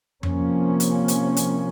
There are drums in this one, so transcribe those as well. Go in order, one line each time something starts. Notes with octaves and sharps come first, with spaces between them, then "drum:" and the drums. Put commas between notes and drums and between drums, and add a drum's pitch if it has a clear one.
C3 F3 A#3 C#4, drum: tom F2
drum: hi-hat
drum: hi-hat
drum: hi-hat